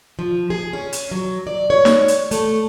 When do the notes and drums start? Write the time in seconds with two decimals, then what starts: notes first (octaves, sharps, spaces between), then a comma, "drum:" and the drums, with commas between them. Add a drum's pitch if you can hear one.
0.19 F3
0.50 G#4
0.73 C#4
0.93 drum: hi-hat
1.11 F#3
1.47 D5
1.70 C#5
1.85 drum: snare
2.08 drum: hi-hat
2.31 A3, drum: hi-hat